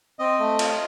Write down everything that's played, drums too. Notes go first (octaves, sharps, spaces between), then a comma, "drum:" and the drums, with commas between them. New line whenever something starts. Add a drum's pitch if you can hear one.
C4 D#5
A3
F4, drum: cymbal